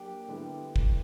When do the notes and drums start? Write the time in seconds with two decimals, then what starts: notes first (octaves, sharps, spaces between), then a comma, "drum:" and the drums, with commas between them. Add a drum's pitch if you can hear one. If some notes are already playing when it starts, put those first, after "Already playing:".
Already playing: F#3 A#3 D4 G4
0.28 D3 G3 B3 E4
0.76 drum: kick